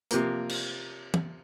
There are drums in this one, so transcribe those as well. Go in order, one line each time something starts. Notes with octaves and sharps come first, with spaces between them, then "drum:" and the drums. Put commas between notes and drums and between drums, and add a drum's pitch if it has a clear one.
C3 F3 A#3, drum: hi-hat
drum: cymbal
drum: tom